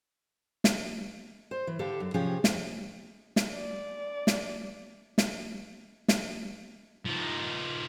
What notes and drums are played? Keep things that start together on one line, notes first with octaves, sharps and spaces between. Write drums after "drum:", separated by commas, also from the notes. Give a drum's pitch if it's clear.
drum: snare
C5
E3
D3 G4 A4 F5
F#2
C3 F3 C#4 G4 G#4
F2, drum: snare
drum: snare
D5
drum: snare
drum: snare
drum: snare
F3 D#4